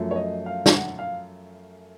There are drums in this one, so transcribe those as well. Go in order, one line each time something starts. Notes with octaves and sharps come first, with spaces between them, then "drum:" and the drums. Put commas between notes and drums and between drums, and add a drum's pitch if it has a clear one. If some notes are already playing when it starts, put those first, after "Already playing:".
Already playing: F#2 F3 A3
C#5
D#5
F5
drum: snare
F#5
F5